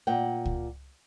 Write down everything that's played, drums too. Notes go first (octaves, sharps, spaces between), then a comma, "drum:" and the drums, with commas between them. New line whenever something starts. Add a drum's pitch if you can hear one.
A#2 F#5 G5
drum: kick C#2